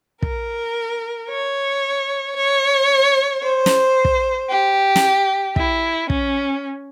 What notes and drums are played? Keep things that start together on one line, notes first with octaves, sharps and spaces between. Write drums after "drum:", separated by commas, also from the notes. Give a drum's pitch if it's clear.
A#4, drum: kick
C#5
C#5
C5
drum: snare
drum: kick
G4
drum: snare
E4, drum: kick
C#4, drum: kick